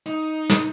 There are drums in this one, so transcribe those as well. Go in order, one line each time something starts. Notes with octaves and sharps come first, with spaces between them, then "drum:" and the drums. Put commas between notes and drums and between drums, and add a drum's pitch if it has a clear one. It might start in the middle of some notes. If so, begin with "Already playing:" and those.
D#4
drum: snare